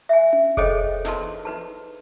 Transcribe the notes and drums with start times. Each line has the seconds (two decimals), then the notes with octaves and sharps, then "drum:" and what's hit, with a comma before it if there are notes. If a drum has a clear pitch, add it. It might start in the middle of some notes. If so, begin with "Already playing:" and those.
0.09 E5 G#5, drum: open hi-hat
0.33 drum: tom C#4
0.57 G#4 A4 C5 C#5 D#5 G5, drum: kick F1, hi-hat
1.05 D4 D#4 A#4 B4 A5 C6, drum: snare
1.45 D#4 B4 A5